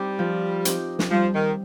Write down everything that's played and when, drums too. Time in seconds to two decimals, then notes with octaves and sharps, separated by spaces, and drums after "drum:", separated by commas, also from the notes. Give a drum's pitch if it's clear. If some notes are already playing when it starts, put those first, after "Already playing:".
Already playing: G3 C4 D#4 G4
0.19 F3
0.65 C4 D#4 G4, drum: hi-hat
0.99 drum: snare
1.11 F3 G3
1.35 D#3